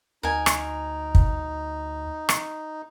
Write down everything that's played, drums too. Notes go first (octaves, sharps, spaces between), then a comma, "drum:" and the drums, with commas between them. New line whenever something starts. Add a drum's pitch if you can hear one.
D2 D#4 A#4 G#5
drum: rim click
drum: kick
drum: rim click